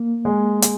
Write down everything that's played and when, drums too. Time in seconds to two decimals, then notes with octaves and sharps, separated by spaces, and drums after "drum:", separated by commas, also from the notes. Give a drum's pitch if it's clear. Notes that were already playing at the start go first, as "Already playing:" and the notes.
Already playing: A#3
0.25 G#3
0.62 G#3, drum: hi-hat